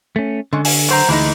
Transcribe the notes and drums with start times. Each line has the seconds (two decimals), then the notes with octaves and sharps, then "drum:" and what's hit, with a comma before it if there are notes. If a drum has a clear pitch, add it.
0.16 A3 C#4
0.53 D3 G#3 C#4
0.65 G#5, drum: open hi-hat
0.89 F#3 C5 A#5
1.09 D2 E3 G#3 D#4